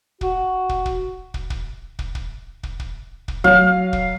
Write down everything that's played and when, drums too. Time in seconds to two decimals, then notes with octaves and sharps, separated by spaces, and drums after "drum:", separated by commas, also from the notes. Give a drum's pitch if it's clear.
0.21 F#4, drum: kick
0.69 drum: kick
0.86 drum: kick
1.34 drum: kick
1.50 drum: kick
1.99 drum: kick
2.15 drum: kick
2.63 drum: kick
2.80 drum: kick
3.28 drum: kick
3.44 F#3 F5, drum: kick
3.93 drum: kick